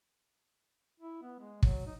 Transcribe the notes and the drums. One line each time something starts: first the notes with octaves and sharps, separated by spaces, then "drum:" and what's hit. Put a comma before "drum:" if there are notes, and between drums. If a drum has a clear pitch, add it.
E4
B3
G#3
F#3, drum: kick
D#4